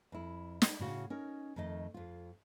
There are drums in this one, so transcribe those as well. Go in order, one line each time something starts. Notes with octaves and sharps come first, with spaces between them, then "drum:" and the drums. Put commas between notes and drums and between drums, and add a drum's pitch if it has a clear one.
F2 E4
D#4, drum: snare
A2 C#3 F#4 F5
C#4 D#4 A#4
F2 D#3 A3 D#5
F2 F4